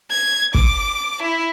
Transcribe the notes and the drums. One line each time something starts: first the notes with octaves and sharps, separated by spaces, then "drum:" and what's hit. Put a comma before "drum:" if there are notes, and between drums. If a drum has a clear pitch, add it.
G#6
D6, drum: kick
E4